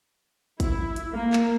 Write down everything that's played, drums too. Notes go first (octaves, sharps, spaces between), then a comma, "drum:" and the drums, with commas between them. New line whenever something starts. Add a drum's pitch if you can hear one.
E4, drum: kick, hi-hat
drum: hi-hat
A#3
drum: clap